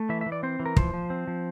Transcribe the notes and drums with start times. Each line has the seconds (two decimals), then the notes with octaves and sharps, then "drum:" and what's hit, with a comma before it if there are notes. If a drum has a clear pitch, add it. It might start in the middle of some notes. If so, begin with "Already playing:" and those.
Already playing: A3
0.09 E3 E5
0.21 E5
0.26 E3
0.32 D5
0.43 C4 C5
0.60 E3
0.66 A#4
0.76 F3 C5, drum: kick
0.94 F3
1.10 C4
1.27 F3